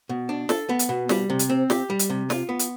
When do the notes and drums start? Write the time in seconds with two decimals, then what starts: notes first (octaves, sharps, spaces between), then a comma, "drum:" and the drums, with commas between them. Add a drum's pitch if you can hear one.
0.09 B2
0.29 D4
0.49 A4, drum: snare
0.69 B3
0.79 drum: hi-hat
0.89 B2
1.09 G3, drum: snare
1.30 C3
1.39 drum: hi-hat
1.49 C4
1.70 G4, drum: snare
1.90 G3
1.99 drum: hi-hat
2.10 C3
2.30 F4, drum: snare
2.49 B3
2.59 drum: hi-hat